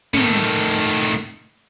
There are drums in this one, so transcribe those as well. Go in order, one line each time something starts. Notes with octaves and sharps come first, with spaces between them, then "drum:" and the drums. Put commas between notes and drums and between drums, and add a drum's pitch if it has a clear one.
A2 D#3, drum: tom